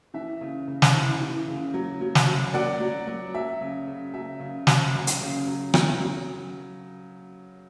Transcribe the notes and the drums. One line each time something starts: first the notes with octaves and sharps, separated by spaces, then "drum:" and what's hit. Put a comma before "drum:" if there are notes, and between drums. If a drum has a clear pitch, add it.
E3 E5
C#3
C#3
drum: snare
E3
E3
C#3
F#3
F#3
drum: snare
F#3
F#3 D5 F#5
F#3
F#3
F#3 E5
C#3
C#3
F#3 E5
C#3
F#3, drum: snare
F#3
drum: hi-hat
C#3
F#3
F#3, drum: rim click
F#3